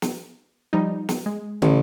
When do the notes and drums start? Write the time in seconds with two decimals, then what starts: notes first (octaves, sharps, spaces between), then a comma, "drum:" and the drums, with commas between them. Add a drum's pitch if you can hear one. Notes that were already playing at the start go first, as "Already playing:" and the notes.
0.02 drum: snare
0.73 F3 G3 D#4
1.09 drum: snare
1.26 G#3
1.62 A1, drum: tom